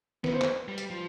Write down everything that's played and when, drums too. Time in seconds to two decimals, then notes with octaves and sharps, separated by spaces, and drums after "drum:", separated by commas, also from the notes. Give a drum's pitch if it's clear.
0.24 B3 B4, drum: snare
0.34 C5
0.42 B4, drum: clap
0.68 G3
0.78 drum: hi-hat
0.91 F3